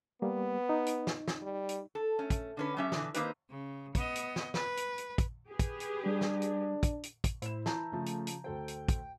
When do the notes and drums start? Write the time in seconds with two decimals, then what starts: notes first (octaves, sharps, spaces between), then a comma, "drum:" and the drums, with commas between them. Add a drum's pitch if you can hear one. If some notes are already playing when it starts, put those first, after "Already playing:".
0.22 G3 A#3 B3
0.69 D#4
0.86 drum: hi-hat
1.07 drum: snare
1.28 drum: snare
1.42 G3
1.69 drum: hi-hat
1.95 A4
2.19 A3 C#4
2.30 drum: kick, hi-hat
2.57 D3 C#4 B4
2.77 F#3 A3 C#4 G4 E5
2.92 B2 D3 E3, drum: snare
3.14 D#3 A#3 C4 D#4 G4 B4, drum: hi-hat
3.50 C#3
3.95 B3 D#5, drum: kick, hi-hat
4.15 drum: hi-hat
4.36 drum: snare
4.54 B4, drum: snare
4.77 drum: hi-hat
4.98 drum: hi-hat
5.18 drum: kick, hi-hat
5.47 G4 G#4 B4
5.59 drum: kick, hi-hat
5.80 drum: hi-hat
6.06 G3 D4
6.21 drum: snare
6.42 drum: hi-hat
6.83 drum: kick, hi-hat
7.03 drum: hi-hat
7.24 drum: kick, hi-hat
7.42 A2 E4 C5 E7, drum: hi-hat
7.66 E3 A5 A#5 G6, drum: snare
7.92 C#3 F3 A3
8.06 drum: hi-hat
8.27 drum: hi-hat
8.44 D2 A4 C5 G5
8.68 drum: hi-hat
8.88 drum: kick, hi-hat